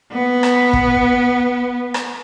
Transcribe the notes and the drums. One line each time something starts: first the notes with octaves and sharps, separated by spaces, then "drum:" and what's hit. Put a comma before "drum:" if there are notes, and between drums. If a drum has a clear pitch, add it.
B3
drum: rim click
drum: kick
drum: rim click